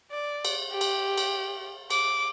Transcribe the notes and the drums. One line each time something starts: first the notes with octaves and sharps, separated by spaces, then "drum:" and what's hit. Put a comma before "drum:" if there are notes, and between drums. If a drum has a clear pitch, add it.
D5
drum: cymbal
G4
drum: cymbal
drum: cymbal
D6, drum: cymbal